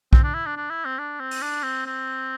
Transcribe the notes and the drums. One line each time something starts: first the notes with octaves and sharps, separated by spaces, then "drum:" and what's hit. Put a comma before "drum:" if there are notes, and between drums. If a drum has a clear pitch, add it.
C4, drum: kick B1
D4
E4
D4
D4
E4
C4
D4
C4
drum: open hi-hat
D4
C4
C4